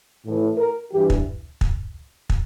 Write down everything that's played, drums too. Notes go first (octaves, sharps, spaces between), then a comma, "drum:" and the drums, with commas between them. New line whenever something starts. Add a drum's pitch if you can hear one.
A2 E3
A#4
G2 E3 G4
drum: kick
drum: kick
drum: kick